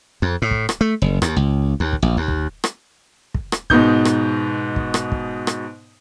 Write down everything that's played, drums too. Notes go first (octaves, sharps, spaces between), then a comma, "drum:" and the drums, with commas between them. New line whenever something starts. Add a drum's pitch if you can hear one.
F2
A2
drum: kick
drum: rim click
A3
F#1
D#2, drum: rim click
C#2
D#2
drum: kick
A#1
D#2
drum: kick
drum: rim click
drum: kick
drum: rim click
G#2 B2 D#4 G6, drum: kick
drum: rim click
drum: kick
drum: rim click
drum: kick
drum: rim click